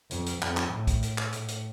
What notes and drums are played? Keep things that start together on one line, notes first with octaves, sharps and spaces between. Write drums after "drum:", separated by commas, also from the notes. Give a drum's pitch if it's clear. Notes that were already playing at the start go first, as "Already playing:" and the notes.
F2, drum: hi-hat
drum: hi-hat
F2, drum: clap
drum: clap
A2
drum: kick, hi-hat
drum: hi-hat
drum: clap
A2, drum: hi-hat
drum: hi-hat